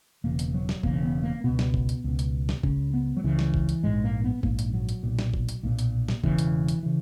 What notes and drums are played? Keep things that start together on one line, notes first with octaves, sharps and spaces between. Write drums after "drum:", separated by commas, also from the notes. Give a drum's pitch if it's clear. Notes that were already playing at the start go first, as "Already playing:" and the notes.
E1 E2 C#3 A#3
drum: hi-hat
F#3
drum: snare
E1 E2 C#3 A#3, drum: kick
B3
A#3
C#2 B2 B3
drum: snare
drum: kick
drum: hi-hat
C#2 B2
drum: hi-hat
drum: snare
C#2 C#3 C#4, drum: kick
B3
F#3
C#2 C#3 E3
drum: snare
drum: kick
drum: hi-hat
A#1 G#2 G#3
A#3
B3
A#1 G#2 A#3, drum: kick
drum: hi-hat
F#3
drum: hi-hat
B1 A#2
drum: snare
drum: kick
drum: hi-hat
B1 A#2 A#3
drum: hi-hat
drum: snare
E1 D#2 C#3 E3, drum: kick
drum: hi-hat
drum: hi-hat
C#3 E3